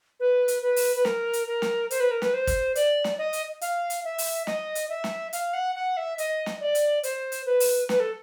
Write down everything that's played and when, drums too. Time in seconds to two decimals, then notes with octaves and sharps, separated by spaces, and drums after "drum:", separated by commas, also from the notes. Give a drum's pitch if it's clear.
0.20 B4
0.48 drum: hi-hat
0.62 B4
0.76 drum: open hi-hat
0.96 B4
1.05 A#4, drum: snare
1.33 drum: hi-hat
1.48 A#4
1.62 drum: snare
1.91 C5, drum: hi-hat
2.00 B4
2.11 A#4
2.22 B4, drum: snare
2.34 C5
2.47 drum: kick, hi-hat
2.75 D5, drum: hi-hat
3.04 drum: snare
3.18 D#5
3.33 drum: hi-hat
3.61 F5, drum: hi-hat
3.90 drum: hi-hat
4.05 E5
4.18 drum: open hi-hat
4.47 D#5, drum: snare
4.75 drum: hi-hat
4.89 E5
5.04 drum: snare
5.33 F5, drum: hi-hat
5.54 F#5
5.75 F#5
5.97 E5
6.18 D#5, drum: hi-hat
6.46 drum: snare
6.61 D5
6.75 drum: hi-hat
7.03 C5, drum: hi-hat
7.32 drum: hi-hat
7.46 B4
7.60 drum: open hi-hat
7.89 B4, drum: snare
8.00 A4